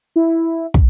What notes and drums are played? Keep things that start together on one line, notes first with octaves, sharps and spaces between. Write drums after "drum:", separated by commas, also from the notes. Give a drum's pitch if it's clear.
E4
drum: kick